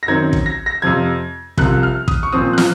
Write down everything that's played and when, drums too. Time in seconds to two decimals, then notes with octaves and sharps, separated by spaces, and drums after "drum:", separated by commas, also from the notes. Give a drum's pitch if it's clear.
0.03 A#6
0.08 F#2 D#3 F#3 C4 G#6
0.33 drum: kick
0.46 A#6
0.66 A#6
0.82 F2 C3 F3 G#6
1.58 C2 C3 F3 F#6, drum: kick
1.83 F6
2.08 D#6, drum: kick
2.23 C#6
2.33 A#2 F3 C4 D#6
2.53 F#6
2.58 F6, drum: snare